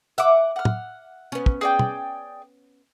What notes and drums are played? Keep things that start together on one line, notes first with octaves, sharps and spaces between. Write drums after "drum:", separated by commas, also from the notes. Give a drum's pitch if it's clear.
E5 F#5 D6, drum: hi-hat
F#5 F6
drum: tom
B3 C#4
drum: kick
G#4 D5 G5
drum: tom